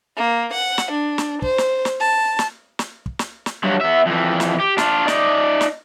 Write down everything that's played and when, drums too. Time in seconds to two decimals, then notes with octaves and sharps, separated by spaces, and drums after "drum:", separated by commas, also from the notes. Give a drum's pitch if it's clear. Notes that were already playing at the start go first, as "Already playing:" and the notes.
0.17 A#3
0.54 F#5
0.78 drum: snare
0.91 D4
1.18 drum: snare
1.42 C5, drum: kick
1.58 drum: snare
1.85 drum: snare
2.00 A5
2.39 drum: snare
2.79 drum: snare
3.06 drum: kick
3.19 drum: snare
3.46 drum: snare
3.64 G2 F#3
3.81 B3 E5
4.07 F2 E3
4.40 drum: snare
4.60 G4
4.78 D4 F4, drum: snare
5.08 D#4 D5, drum: snare
5.61 drum: snare